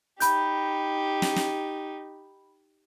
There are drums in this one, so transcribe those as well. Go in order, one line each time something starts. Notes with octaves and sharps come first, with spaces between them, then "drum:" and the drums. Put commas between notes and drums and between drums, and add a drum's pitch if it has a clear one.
D#4 G4 B5 G6, drum: hi-hat
drum: snare
drum: snare